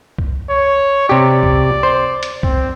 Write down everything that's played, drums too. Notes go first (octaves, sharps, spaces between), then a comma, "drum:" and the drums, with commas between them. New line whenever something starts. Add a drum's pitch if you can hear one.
drum: kick C2
C#5
C3 G4 D5
drum: kick C2
C5
drum: hi-hat
C4, drum: kick C2